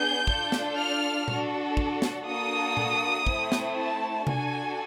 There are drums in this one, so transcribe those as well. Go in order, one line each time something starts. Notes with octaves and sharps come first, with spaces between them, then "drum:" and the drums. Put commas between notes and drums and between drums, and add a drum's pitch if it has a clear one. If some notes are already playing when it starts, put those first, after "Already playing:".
Already playing: B3 D4 G#4 G6
D4 F4 A4, drum: kick
drum: snare
F6
D4 F#4 A4, drum: tom A#2
drum: kick
drum: snare
A#3 D4 F#4 A4 D#6
drum: tom A#2
A3 C4 E4, drum: kick
drum: snare
A5
D4 F#4 A4 G#5, drum: tom C3